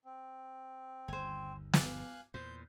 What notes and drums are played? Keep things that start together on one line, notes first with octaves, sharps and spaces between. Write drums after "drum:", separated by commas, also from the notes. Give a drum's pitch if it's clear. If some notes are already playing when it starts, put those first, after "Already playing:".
C4
G1 D#2 C5 G#5
F5 G#5 D6 F#6, drum: snare
E2 A#2 C5 G6